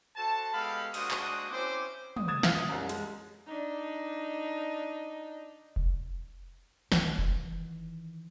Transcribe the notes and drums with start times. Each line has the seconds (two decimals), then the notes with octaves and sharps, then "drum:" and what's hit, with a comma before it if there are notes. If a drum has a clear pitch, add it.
0.17 F#4 A4 C5 A5
0.53 G#3 B3 G4 A4 F5 B5
0.94 G#3 A#3 D4 F#4 C5 D#6, drum: open hi-hat
1.11 drum: clap
1.50 C4 C#4 E4 C5 D6
2.16 D#6, drum: tom
2.28 D#6 G#6 A6 E7
2.43 E4 F4 E5 F5, drum: snare
2.55 D#6
2.69 C2 F#2
2.89 G#3, drum: hi-hat
3.46 D4 D#4
5.76 drum: kick F1
6.92 D#3 E3, drum: snare
7.18 drum: kick F1